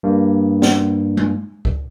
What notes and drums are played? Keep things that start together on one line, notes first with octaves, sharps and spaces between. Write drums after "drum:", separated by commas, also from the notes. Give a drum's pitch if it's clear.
G2 A#3
drum: snare
drum: tom G#3
drum: kick C#2